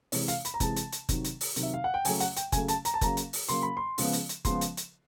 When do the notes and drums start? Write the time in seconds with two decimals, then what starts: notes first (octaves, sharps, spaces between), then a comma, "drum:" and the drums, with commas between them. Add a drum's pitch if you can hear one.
0.12 C3 E3 G#3 C#5, drum: open hi-hat
0.28 F5, drum: hi-hat
0.45 B5, drum: hi-hat
0.54 A#5
0.60 C3 E3 G#3 A5, drum: kick F#1, hi-hat
0.76 drum: hi-hat
0.92 drum: hi-hat
1.09 C3 D#3 F#3, drum: kick F#1, hi-hat
1.25 drum: hi-hat
1.41 drum: open hi-hat
1.56 C3 D#3 F#3, drum: hi-hat
1.63 E5
1.74 F5
1.84 F#5
1.94 G5
2.05 C#3 F#3 A3 G#5, drum: open hi-hat
2.20 F#5, drum: hi-hat
2.36 G5, drum: hi-hat
2.52 C#3 F#3 A3 G#5, drum: kick F#1, hi-hat
2.68 A5, drum: hi-hat
2.85 A#5, drum: hi-hat
2.94 A5
3.01 C#3 F#3 A#3 A#5, drum: kick F#1, hi-hat
3.17 drum: hi-hat
3.33 drum: open hi-hat
3.49 C#3 F#3 A#3 C6, drum: hi-hat
3.63 B5
3.77 C6
3.98 C#3 F3 G#3 B3, drum: open hi-hat
4.13 drum: hi-hat
4.29 drum: hi-hat
4.45 C#3 F3 G#3 B3 C6, drum: kick F#1, hi-hat
4.61 drum: hi-hat
4.77 drum: hi-hat